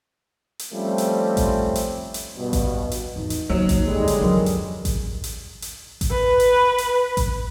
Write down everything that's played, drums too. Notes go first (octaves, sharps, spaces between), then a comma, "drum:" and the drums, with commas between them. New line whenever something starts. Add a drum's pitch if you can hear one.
drum: hi-hat
F3 G3 A3 C4 C#4
drum: hi-hat
drum: kick A1, hi-hat
drum: hi-hat
drum: hi-hat
G2 B2
drum: kick A1, hi-hat
drum: hi-hat
E2 G#2 D#4
drum: hi-hat
D#2 F#3
drum: kick A1, hi-hat
D3 G3 G#3
drum: hi-hat
F#2 E3 A#4
drum: hi-hat
drum: kick A1, hi-hat
drum: hi-hat
drum: hi-hat
drum: kick A1, hi-hat
B4
drum: hi-hat
drum: hi-hat
drum: kick A1, hi-hat